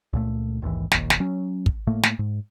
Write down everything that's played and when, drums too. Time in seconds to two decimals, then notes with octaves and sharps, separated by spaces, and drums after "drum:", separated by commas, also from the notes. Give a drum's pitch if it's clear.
0.13 C#2 A#2 A3
0.62 A#1 D#2 G#2 E3
0.91 F1 A#1 D#2, drum: snare
1.10 drum: snare
1.20 F#3 C#4
1.66 drum: kick
1.87 A2 A3 A#3
2.03 drum: snare
2.19 G#2